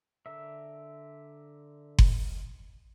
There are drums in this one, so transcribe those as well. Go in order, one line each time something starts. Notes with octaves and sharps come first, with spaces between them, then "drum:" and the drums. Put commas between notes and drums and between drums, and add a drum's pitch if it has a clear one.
D3 A#4 E5
drum: kick F#1